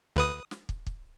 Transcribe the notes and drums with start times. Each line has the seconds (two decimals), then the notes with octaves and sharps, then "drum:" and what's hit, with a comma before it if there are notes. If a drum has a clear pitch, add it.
0.16 D2 B4 D#6
0.51 drum: snare
0.69 drum: kick
0.87 drum: kick